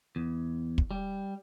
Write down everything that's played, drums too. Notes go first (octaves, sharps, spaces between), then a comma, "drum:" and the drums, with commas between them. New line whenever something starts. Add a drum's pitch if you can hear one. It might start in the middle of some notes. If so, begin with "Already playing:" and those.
E2
drum: kick
G3